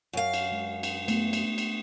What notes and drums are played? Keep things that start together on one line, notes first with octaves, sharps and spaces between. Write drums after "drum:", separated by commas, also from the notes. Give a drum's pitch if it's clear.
F#2 F5
drum: cymbal
G#3
drum: cymbal
A3 B3, drum: cymbal
drum: cymbal
drum: cymbal